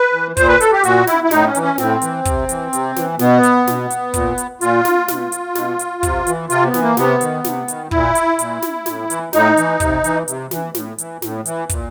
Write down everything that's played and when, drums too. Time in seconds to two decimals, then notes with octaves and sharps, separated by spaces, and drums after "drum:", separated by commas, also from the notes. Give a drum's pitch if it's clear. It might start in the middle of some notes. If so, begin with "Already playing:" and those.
Already playing: B4
0.13 E3
0.37 A#2 C5, drum: kick, hi-hat
0.48 B4
0.60 A4, drum: hi-hat
0.72 G4
0.84 A#2 F#4, drum: hi-hat
1.07 E4, drum: snare
1.24 E4
1.31 A2 D#4, drum: snare
1.47 C#4
1.55 E3, drum: hi-hat
1.62 C#4
1.78 A2 C4, drum: snare
2.02 E3, drum: hi-hat
2.25 C3, drum: kick, hi-hat
2.49 E3, drum: hi-hat
2.73 C3, drum: hi-hat
2.96 E3, drum: snare
3.19 B2 B3, drum: snare
3.43 drum: hi-hat
3.67 B2, drum: snare
3.90 drum: hi-hat
4.14 A#2, drum: kick, hi-hat
4.38 drum: hi-hat
4.61 A#2 F4, drum: hi-hat
4.85 drum: snare
5.08 B2, drum: snare
5.32 drum: hi-hat
5.55 B2, drum: snare
5.79 drum: hi-hat
6.03 C3, drum: kick, hi-hat
6.27 E3, drum: hi-hat
6.50 C3 F4, drum: hi-hat
6.66 B3
6.74 E3, drum: snare
6.82 A#3
6.97 C3 B3, drum: snare
7.21 D#3, drum: hi-hat
7.44 C3, drum: snare
7.68 D#3, drum: hi-hat
7.91 A#2 E4, drum: kick
8.15 drum: hi-hat
8.39 A#2, drum: hi-hat
8.62 drum: snare
8.86 A2, drum: snare
9.10 E3, drum: hi-hat
9.33 A2 D#4, drum: snare
9.57 E3, drum: hi-hat
9.80 C3, drum: kick, hi-hat
10.04 E3, drum: hi-hat
10.28 C3, drum: hi-hat
10.51 E3, drum: snare
10.75 A2, drum: snare
10.98 E3, drum: hi-hat
11.22 A2, drum: snare
11.45 E3, drum: hi-hat
11.69 A#2, drum: kick, hi-hat